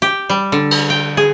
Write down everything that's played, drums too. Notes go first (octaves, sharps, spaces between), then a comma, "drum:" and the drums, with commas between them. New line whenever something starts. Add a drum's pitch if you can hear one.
G4
G3
D3
drum: cymbal
G5
G#4